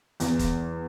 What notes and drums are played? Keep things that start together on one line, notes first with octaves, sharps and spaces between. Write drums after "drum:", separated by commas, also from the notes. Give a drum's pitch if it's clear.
E2, drum: hi-hat
drum: kick D#1, hi-hat